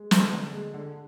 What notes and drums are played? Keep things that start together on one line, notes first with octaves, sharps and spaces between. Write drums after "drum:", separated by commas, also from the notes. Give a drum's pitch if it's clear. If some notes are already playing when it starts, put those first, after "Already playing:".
Already playing: G#3
D3, drum: snare
D3
G#3
D3